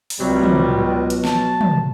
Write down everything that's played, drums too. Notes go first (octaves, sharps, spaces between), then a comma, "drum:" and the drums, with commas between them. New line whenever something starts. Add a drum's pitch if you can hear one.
drum: open hi-hat
C#2 C3 F#3 G3
drum: tom
B2
drum: hi-hat
A5, drum: snare
drum: tom